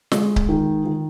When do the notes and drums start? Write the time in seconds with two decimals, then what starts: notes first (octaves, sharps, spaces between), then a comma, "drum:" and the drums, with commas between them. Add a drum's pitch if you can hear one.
0.12 G#3, drum: snare
0.36 drum: kick C#1
0.49 D#3
0.85 D#3